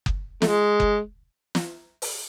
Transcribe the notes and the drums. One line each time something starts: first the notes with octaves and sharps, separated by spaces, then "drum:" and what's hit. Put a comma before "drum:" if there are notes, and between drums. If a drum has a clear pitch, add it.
drum: kick F#1
A3, drum: snare
G#3
drum: kick F#1
drum: snare
drum: open hi-hat